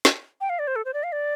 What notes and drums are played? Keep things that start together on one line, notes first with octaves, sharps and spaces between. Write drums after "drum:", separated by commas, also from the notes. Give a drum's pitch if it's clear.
drum: snare
G5
F5
D5
C5
A4
C5
D5
F5
D5